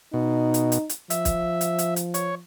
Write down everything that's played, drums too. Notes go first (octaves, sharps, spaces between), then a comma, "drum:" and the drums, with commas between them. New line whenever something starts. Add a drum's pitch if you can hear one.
B2 D#4
drum: hi-hat
drum: hi-hat
drum: hi-hat
F3 E5, drum: hi-hat
drum: kick, hi-hat
drum: hi-hat
drum: hi-hat
drum: hi-hat
C#5, drum: hi-hat